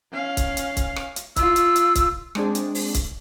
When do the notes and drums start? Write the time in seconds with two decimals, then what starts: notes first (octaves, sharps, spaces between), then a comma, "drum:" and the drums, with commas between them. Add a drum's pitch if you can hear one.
0.12 C#4 F5
0.37 drum: kick C#1, hi-hat
0.57 drum: hi-hat
0.77 drum: kick C#1, hi-hat
0.96 drum: rim click
1.16 drum: hi-hat
1.36 F4 E6, drum: kick C#1, hi-hat
1.56 drum: hi-hat
1.76 drum: hi-hat
1.95 drum: kick C#1, hi-hat
2.35 G#3 C4 D4 G#4, drum: rim click
2.55 drum: hi-hat
2.75 drum: open hi-hat
2.94 drum: kick C#1, hi-hat